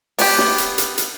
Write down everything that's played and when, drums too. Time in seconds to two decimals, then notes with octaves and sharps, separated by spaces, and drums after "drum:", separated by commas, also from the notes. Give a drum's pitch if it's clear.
0.19 B3 D4 G4, drum: open hi-hat
0.38 drum: snare
0.58 drum: hi-hat
0.78 drum: hi-hat
0.98 drum: hi-hat